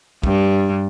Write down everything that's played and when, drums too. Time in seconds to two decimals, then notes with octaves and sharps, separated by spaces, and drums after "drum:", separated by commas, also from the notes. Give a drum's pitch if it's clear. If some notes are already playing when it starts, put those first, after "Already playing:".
0.24 G2 G3, drum: kick